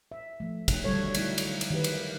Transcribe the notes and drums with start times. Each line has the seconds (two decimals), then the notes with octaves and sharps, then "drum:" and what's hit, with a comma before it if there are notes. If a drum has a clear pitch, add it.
0.12 E5
0.40 F3 A3
0.68 drum: kick, cymbal
0.84 D3 D#3 F#3 G3 A4 C#5
1.14 D3 F#3 A3 D#4 E4, drum: cymbal
1.38 drum: cymbal
1.61 drum: cymbal
1.71 D#3 G4 B4
1.84 drum: cymbal